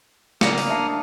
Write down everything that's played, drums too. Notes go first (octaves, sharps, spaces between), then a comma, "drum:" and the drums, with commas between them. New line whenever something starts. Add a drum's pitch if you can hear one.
C#3 A#3 F4 D5 D#6 F6 A#6 C#7, drum: snare
drum: open hi-hat
D4 E5 A5 C7